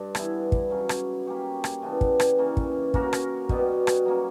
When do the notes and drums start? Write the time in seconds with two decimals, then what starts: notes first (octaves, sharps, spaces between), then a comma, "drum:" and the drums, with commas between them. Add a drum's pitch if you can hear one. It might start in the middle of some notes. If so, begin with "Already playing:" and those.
Already playing: G2 D4
0.15 E3 B3 E4, drum: rim click
0.52 drum: kick
0.70 C#3 F#3 C#4
0.89 drum: rim click
1.26 A#3 C#4 G4 C#5
1.64 drum: rim click
1.82 C#3 E3 B3 D4
2.01 drum: kick
2.20 drum: rim click
2.38 E3 A#3 C#4
2.57 drum: kick
2.94 A#3 C#4 F#4 A#4, drum: kick
3.13 drum: rim click
3.49 B2 G3 B3 F#4, drum: kick
3.87 drum: rim click
4.06 F#3 A#3 C#4